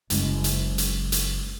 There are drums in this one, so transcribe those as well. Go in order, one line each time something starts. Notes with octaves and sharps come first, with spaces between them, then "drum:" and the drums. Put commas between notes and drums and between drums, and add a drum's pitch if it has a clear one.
F#1 G#3, drum: hi-hat
drum: hi-hat
drum: hi-hat
drum: hi-hat